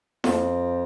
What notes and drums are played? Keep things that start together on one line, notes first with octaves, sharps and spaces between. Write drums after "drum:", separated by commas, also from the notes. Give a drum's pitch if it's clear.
F2, drum: snare E4